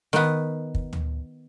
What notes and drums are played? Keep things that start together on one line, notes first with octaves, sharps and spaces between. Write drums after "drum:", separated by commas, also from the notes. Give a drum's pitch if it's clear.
D#3 B3, drum: snare
drum: kick
drum: tom D2